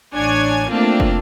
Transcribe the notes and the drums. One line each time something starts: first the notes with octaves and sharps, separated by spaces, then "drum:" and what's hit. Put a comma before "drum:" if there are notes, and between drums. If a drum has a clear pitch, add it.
A1 D4 C#5 G#5 G#6
A3 A#3 C4 D4 F4
drum: kick